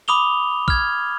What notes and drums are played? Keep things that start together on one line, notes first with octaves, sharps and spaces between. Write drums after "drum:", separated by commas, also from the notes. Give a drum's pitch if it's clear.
B5 D6 D#6 F7 G7
F6 G#6, drum: kick